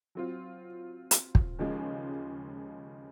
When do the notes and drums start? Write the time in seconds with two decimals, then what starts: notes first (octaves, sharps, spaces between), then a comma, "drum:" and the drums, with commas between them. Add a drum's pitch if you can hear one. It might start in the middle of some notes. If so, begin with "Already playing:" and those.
0.15 F#3 C4 F4
1.11 drum: hi-hat
1.35 drum: kick
1.59 D#2 C#3 F3 G#3 C#4